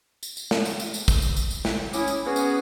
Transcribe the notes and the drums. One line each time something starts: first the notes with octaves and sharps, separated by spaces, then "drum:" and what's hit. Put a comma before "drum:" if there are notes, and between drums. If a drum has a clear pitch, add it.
drum: tambourine
drum: tambourine
drum: snare
drum: tambourine
drum: tambourine
drum: tambourine
drum: kick, tambourine
drum: tambourine
drum: tambourine
drum: tambourine
drum: snare
C#4 E4 D6 D#6, drum: tambourine
drum: tambourine
B3 C#4 F#4 G#4
drum: tambourine